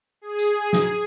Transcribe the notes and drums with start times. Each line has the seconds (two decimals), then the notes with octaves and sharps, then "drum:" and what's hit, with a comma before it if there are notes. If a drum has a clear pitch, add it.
0.21 G#4
0.39 drum: tambourine
0.73 drum: snare